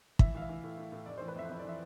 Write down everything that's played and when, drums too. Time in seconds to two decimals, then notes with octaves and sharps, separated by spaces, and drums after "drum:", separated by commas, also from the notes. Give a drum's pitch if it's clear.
0.19 E3 E5, drum: kick
0.34 E3 F5
0.42 E5
0.49 E3
0.63 A2
0.78 A2
0.92 A2
1.06 F1 D5
1.18 C5
1.21 E3
1.28 B4
1.36 F2 E5
1.49 F2 E5
1.59 D5
1.64 E3 E5